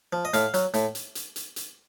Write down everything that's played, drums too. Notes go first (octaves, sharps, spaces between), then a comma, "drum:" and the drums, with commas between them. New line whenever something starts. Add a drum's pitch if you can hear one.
F3
D#5
A2 F5, drum: hi-hat
F#3, drum: hi-hat
A2, drum: hi-hat
drum: hi-hat
drum: hi-hat
drum: hi-hat
drum: hi-hat